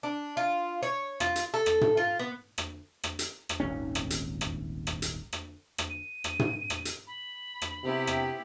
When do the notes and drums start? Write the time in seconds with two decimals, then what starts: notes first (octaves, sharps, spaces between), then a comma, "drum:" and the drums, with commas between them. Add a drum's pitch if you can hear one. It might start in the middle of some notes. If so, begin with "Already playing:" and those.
0.03 D4
0.37 F4
0.83 C#5
1.20 F4, drum: rim click
1.36 drum: hi-hat
1.54 A4
1.66 drum: rim click
1.81 drum: tom
1.97 F4
2.19 B3
2.58 drum: rim click
3.04 drum: rim click
3.19 drum: hi-hat
3.49 drum: rim click
3.60 D#1 G#1 C#4
3.95 drum: rim click
4.10 drum: hi-hat
4.41 drum: rim click
4.87 drum: rim click
5.02 drum: hi-hat
5.33 drum: rim click
5.78 drum: rim click
5.90 D#7
6.24 drum: rim click
6.39 drum: tom
6.70 drum: rim click
6.85 drum: hi-hat
7.07 B5
7.62 drum: rim click
7.84 C3 B3 E4 G4
8.07 drum: rim click